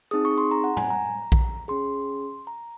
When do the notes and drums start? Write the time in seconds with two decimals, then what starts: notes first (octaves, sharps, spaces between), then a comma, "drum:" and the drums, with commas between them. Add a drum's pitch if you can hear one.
0.11 C4 D#4 G#4 D#6
0.25 C#6
0.38 C6
0.51 A#5
0.64 F#5
0.77 G#5, drum: tom A2
0.90 A#5
1.32 drum: kick A#1
1.68 C#4 G#4 C6
2.47 A#5